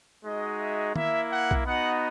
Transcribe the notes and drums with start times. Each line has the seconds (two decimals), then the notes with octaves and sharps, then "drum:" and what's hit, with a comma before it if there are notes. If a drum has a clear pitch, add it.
0.24 G#3 D#4 F#4 D#5
0.60 E5
0.96 A#3 E4 E5, drum: tom
1.30 F#5
1.51 drum: kick B1
1.65 B3 D#4 F#4 F#5